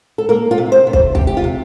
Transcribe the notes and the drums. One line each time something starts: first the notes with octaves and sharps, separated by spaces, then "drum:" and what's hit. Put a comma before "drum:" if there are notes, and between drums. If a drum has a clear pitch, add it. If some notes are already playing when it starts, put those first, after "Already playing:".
A4
A#3 A#4
F4
C3
C5
C3
C5, drum: kick
C3 G4, drum: kick
G4
F4
C3